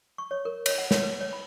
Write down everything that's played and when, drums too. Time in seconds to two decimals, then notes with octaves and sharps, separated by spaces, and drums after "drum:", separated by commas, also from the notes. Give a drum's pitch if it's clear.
0.18 C#6
0.31 C#5
0.45 A#4
0.66 C#5, drum: cymbal
0.78 F#5
0.91 C#5, drum: snare
1.03 B4
1.21 C#5
1.33 B5